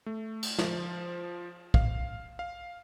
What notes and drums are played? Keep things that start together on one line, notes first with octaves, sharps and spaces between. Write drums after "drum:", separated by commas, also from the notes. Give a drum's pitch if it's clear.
A3
drum: cymbal
F3, drum: snare
F5, drum: kick
F5